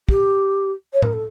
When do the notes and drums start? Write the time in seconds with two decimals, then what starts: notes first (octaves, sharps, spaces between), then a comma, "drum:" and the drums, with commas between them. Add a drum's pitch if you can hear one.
0.09 G4, drum: kick
0.93 C#5
1.02 A#4, drum: tom A2
1.13 A4